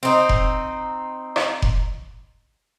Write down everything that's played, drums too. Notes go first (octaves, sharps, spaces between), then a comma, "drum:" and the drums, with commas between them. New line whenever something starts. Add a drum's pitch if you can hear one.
C4 D#4
drum: kick F1
drum: rim click
drum: kick F1